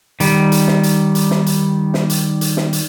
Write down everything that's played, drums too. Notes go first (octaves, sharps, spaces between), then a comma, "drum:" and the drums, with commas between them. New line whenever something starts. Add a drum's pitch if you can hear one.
D#3 G3, drum: hi-hat
drum: hi-hat
drum: snare
drum: hi-hat
drum: hi-hat
drum: snare
drum: hi-hat
drum: snare
drum: hi-hat
drum: hi-hat
drum: snare
drum: hi-hat